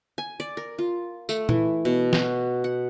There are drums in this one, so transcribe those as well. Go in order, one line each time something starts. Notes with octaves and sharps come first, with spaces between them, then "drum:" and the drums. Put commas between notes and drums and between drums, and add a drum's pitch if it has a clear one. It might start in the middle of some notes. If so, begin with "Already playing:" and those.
G#5
D5
A#4
F4
A3, drum: tambourine
E3, drum: tom A#2
B2
F#4, drum: snare
F#5